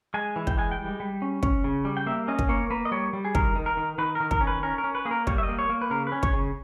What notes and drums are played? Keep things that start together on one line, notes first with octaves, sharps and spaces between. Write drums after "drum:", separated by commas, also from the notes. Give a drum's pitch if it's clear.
G#3 G#5
E3
G5, drum: kick
G#3 G#5
G5
G3
G3
C#4
C#4, drum: kick
C#3
G3
G5
A#3 E5
C#4 D#5
drum: kick
A#3 C#5
A#3 B4
D#5
G3 C#5
G3
G#4
D#3 A#4, drum: kick
D#3
A#4
D#3
D#3 B4
D#3 A#4
A#4, drum: kick
C#4
B4
C#4 A#4
A#4
C#4
B4
A#3 G#4
A#4
G3 C#5, drum: kick
E5
D#5
A#3
C#5
A#3
B4
C#3 A#4
B4
C#4
C#5, drum: kick
C#3